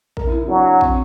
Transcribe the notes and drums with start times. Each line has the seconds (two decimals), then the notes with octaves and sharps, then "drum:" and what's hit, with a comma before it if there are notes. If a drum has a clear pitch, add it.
0.17 A#4, drum: kick A#1
0.27 E4
0.38 E4
0.48 F#3 D4
0.81 C4, drum: kick A#1